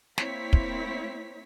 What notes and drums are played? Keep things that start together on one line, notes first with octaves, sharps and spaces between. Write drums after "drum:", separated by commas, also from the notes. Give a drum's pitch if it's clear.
A#3 C4 E4 C#5 B6, drum: snare
drum: kick